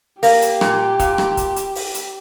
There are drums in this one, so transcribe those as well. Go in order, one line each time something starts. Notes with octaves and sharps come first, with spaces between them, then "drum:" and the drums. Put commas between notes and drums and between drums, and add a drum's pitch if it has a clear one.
A#3 G4, drum: open hi-hat
drum: hi-hat
A#2, drum: rim click
A#2, drum: kick, hi-hat
drum: rim click
drum: kick, hi-hat
drum: hi-hat
drum: open hi-hat
drum: hi-hat